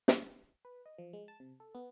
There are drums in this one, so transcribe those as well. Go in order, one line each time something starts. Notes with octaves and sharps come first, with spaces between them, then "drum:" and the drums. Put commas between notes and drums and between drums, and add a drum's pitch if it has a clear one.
drum: snare
B4
D#5
F3
G#3
A5
C3
A4
B3